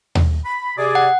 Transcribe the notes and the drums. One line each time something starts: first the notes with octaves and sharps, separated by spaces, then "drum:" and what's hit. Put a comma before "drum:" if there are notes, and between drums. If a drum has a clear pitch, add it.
drum: tom D#2
B5
C3 G#4 D5
F#5